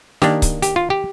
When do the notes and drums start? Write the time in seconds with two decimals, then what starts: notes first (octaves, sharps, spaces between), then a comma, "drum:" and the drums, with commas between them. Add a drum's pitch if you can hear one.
0.22 D#3 A#3 D4 G4, drum: snare
0.42 drum: kick C#1, hi-hat
0.62 G4, drum: hi-hat
0.76 F4
0.90 G4